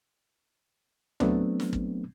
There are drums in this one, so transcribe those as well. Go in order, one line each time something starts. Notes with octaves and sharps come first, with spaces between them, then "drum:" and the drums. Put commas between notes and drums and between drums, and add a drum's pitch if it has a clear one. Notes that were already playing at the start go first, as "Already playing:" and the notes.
F#3 A3 B3 C4 D4, drum: tom D2
drum: snare
drum: kick